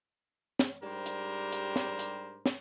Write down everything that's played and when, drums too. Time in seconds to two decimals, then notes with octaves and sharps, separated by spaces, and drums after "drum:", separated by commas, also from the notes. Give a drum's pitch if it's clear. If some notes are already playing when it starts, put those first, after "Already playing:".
0.59 drum: snare
0.83 G#2 G3 D4 G4 A#4 C5
1.06 drum: hi-hat
1.52 drum: hi-hat
1.76 drum: snare
1.99 drum: hi-hat
2.46 drum: snare